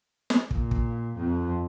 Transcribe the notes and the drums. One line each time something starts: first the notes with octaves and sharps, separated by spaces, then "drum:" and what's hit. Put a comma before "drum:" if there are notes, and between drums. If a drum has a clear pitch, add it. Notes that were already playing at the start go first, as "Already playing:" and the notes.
drum: snare
A#2, drum: kick
drum: kick
F2